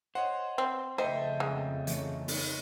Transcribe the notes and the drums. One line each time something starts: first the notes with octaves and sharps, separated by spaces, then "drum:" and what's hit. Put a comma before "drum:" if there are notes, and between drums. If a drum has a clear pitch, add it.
C5 C#5 D#5 F#5
C4
F2 C#3 A3 C5 D#5 E5 G5
G#3
E3 A3 C#5, drum: hi-hat
B3 D#4 C#5, drum: open hi-hat